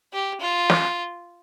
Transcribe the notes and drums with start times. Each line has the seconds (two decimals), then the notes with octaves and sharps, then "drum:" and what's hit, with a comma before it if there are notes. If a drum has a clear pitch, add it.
0.13 G4
0.41 F4
0.70 drum: snare